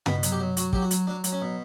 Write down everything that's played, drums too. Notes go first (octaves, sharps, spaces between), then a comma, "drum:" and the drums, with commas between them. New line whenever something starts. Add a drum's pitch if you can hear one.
B2 B3, drum: tom
F#3, drum: hi-hat
G4
F#3
F#3 F#4, drum: hi-hat
F#3 G4, drum: kick
F#4
F#3, drum: hi-hat
F#3 D4
F#3, drum: hi-hat
C#4
B2